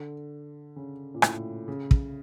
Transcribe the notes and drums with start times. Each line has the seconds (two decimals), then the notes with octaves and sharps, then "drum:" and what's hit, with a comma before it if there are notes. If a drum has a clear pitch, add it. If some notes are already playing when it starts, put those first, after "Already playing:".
Already playing: D3
0.76 C#3
1.14 A#2
1.22 A2, drum: rim click
1.68 C#3
1.91 drum: kick